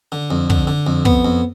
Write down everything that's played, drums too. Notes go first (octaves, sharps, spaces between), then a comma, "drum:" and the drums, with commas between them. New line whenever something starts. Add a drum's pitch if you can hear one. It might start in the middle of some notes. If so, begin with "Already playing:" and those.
D3
F2
D3, drum: kick
D3
F2
B3, drum: kick
F2